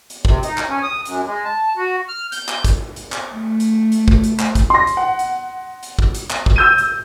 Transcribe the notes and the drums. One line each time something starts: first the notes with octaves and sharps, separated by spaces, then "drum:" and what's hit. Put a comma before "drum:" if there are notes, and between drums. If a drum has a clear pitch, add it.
drum: hi-hat
C3, drum: kick
D#4, drum: hi-hat
drum: clap
C#4
D#6
F#2, drum: hi-hat
G#3
A5
F#4
F6
G6, drum: hi-hat
drum: clap
drum: kick, hi-hat
drum: hi-hat
drum: clap
A3
drum: hi-hat
drum: hi-hat
drum: kick
drum: hi-hat
drum: clap
drum: kick, hi-hat
C6 A#6
drum: hi-hat
F#5
drum: hi-hat
drum: hi-hat
drum: kick
drum: hi-hat
drum: clap
drum: kick
E6 G6 D#7
drum: hi-hat